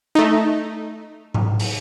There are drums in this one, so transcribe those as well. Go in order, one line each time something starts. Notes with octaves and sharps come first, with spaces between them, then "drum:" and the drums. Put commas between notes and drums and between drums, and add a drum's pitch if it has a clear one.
A3 D#4
drum: tom G#2
drum: open hi-hat